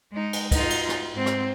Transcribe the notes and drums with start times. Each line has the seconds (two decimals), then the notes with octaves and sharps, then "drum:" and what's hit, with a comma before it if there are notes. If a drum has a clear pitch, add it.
0.12 G#3 D#4
0.33 drum: cymbal
0.51 D#4 F4, drum: kick, cymbal
0.70 drum: cymbal
0.89 drum: rim click
1.14 G#2 C4
1.26 drum: rim click